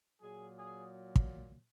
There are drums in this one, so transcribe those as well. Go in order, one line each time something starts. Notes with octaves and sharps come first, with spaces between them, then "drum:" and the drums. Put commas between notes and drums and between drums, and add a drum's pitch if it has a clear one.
A#2 F#3 G#4
G#4
drum: kick